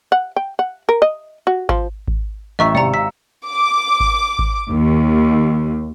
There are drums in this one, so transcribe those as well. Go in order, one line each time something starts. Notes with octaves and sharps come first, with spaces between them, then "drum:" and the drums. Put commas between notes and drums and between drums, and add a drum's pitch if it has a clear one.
F#5
G5
F#5
A#4
D#5
F#4
F3, drum: kick G#1
drum: kick G#1
A1 D#5 E5 A#5 C#6 E6 B6
G#1 C3 G4 D5 G5 A#5 C#7
F5 A#5 E6 B6
D6
drum: kick G#1
drum: kick G#1
D#2